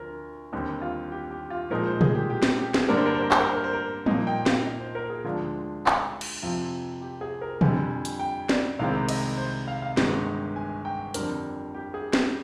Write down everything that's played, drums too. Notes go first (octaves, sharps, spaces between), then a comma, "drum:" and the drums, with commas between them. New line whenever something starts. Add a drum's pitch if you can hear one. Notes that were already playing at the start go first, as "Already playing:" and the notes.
Already playing: D2 D3 F3 A#4
D#2 D3 G3 C4 D#4 G4
F4
G4
G4
F4
A#2 F3 G#3 D#4 A#4
C5
G#4, drum: tom
G4
G4
drum: snare
G4
G#4, drum: snare
G2 D3 G3 A#3 D4 A#4
C5
A#4
C5
A#4
C5, drum: clap
A#4
C5
A#4
C5
A#4
A#2 F3 A#3 D#4 D#5, drum: tom
G5
F5, drum: snare
D#5
C5
A#4
G#4
D2 D3 F3 G#3 D4 F4
drum: clap
drum: cymbal
F2 C3 F3 C4 F4
G4
G#4
A#4
F2 D3 G3 G#5, drum: tom
G#5
drum: hi-hat
G5
D5, drum: snare
C2 C3 D#3 G#3 C4 F5
D#5, drum: cymbal
C5
F5
F5
G1 G2 D#3 G#3 D#4, drum: snare
G#5
G5
F2 D3 G3 D4 A#4, drum: hi-hat
G4
G#4
G4, drum: snare